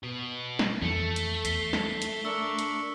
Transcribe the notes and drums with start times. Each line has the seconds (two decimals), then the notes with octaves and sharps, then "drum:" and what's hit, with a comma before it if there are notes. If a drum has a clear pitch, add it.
0.03 B2
0.59 drum: snare
0.82 F2 E3 A3
1.16 drum: hi-hat
1.45 E2 B6 C7 G7, drum: hi-hat
1.73 drum: snare
2.02 drum: hi-hat
2.25 D4 A#4 C#6 E6
2.59 drum: hi-hat